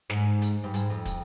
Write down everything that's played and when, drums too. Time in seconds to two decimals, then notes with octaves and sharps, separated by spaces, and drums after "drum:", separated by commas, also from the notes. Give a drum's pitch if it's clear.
0.10 G#2, drum: snare
0.42 drum: hi-hat
0.64 G2
0.74 G#2, drum: hi-hat
0.90 F2
1.05 drum: kick, hi-hat